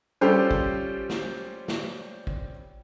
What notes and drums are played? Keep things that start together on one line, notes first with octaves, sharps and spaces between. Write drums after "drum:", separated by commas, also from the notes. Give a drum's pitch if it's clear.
G3 C#4 F4 G4 A4 C5
drum: kick
drum: snare
drum: snare
drum: kick